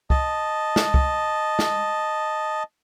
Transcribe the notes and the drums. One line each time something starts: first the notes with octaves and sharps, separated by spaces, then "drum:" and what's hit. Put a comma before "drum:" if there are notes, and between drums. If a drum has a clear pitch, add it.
D#5 A5, drum: kick C2
drum: snare
drum: kick C2
drum: snare